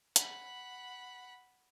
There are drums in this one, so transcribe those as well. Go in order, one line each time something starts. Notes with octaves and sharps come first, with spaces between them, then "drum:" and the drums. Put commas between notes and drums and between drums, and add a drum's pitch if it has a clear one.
F#5 B5, drum: hi-hat